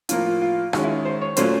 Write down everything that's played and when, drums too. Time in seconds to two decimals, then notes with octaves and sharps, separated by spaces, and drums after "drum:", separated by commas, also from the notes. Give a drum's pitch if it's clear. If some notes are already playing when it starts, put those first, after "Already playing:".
0.09 A2 F3 A#3 F4, drum: hi-hat
0.26 F4
0.42 F4
0.73 D#3 G#3 C#4 F#4, drum: rim click
0.84 E4
1.05 C5
1.21 C#5
1.37 A#2 F#3 A3 C#4 C5, drum: hi-hat